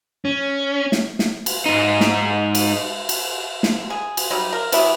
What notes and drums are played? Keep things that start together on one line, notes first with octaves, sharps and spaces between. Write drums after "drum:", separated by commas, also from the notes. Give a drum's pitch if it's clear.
C#4
drum: snare
drum: snare
drum: cymbal
G#2 D#4
drum: snare
drum: cymbal
drum: cymbal
drum: snare
G#4
drum: cymbal
F#3 G3 D#4
A#4
E3 F#3 B3 E5, drum: cymbal